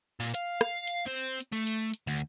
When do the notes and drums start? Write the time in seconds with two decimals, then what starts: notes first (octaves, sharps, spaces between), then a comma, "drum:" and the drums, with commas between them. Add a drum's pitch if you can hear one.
0.20 A#2
0.34 F5, drum: hi-hat
0.61 drum: rim click
0.87 drum: hi-hat
1.08 C4
1.40 drum: hi-hat
1.52 A3
1.67 drum: hi-hat
1.94 drum: hi-hat
2.07 D2